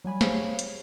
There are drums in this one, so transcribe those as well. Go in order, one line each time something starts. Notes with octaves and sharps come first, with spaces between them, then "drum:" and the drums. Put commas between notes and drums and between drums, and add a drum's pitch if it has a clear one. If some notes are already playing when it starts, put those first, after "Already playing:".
F#3 G3 G#5 B5
G4 G#4 C5 C#5 F5, drum: snare
drum: hi-hat